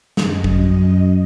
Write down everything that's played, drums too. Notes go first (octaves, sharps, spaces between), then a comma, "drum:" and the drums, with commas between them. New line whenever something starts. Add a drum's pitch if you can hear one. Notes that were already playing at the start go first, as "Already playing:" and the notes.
F#2 D#5, drum: snare
drum: kick